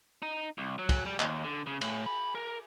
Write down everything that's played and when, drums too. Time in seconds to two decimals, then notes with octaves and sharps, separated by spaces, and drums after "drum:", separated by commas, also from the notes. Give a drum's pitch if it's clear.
0.22 D#4
0.58 C2
0.79 F#3
0.89 drum: kick, cymbal
1.06 G3
1.20 D#2, drum: clap
1.44 D3
1.67 C#3
1.81 A2, drum: cymbal
2.06 B5
2.35 A#4